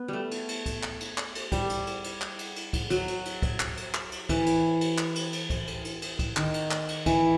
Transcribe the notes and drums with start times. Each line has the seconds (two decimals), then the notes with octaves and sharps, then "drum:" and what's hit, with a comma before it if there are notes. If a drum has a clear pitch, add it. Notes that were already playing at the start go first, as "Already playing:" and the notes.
Already playing: B3
0.08 G3 A3
0.31 drum: cymbal
0.48 drum: cymbal
0.66 drum: kick, cymbal
0.83 drum: clap
1.00 drum: cymbal
1.18 drum: clap
1.35 drum: cymbal
1.52 G3, drum: kick, cymbal
1.70 drum: cymbal
1.87 drum: cymbal
2.04 drum: cymbal
2.21 drum: clap
2.39 drum: cymbal
2.56 drum: cymbal
2.73 drum: kick, cymbal
2.90 F#3, drum: cymbal
3.08 drum: cymbal
3.25 drum: cymbal
3.42 drum: kick, cymbal
3.60 drum: clap
3.77 drum: cymbal
3.94 drum: clap
4.12 drum: cymbal
4.29 E3, drum: kick, cymbal
4.46 drum: cymbal
4.81 drum: cymbal
4.98 drum: clap
5.15 drum: cymbal
5.33 drum: cymbal
5.50 drum: kick, cymbal
5.67 drum: cymbal
5.85 drum: cymbal
6.02 drum: cymbal
6.19 drum: kick, cymbal
6.37 D#3, drum: clap
6.54 drum: cymbal
6.71 drum: clap
6.88 drum: cymbal
7.06 E3, drum: kick, cymbal